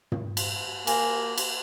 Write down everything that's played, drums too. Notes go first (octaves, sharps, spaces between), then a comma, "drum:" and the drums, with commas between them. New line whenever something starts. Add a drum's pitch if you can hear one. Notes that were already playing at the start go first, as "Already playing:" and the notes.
drum: tom
drum: cymbal
A#3 G#5, drum: cymbal
drum: cymbal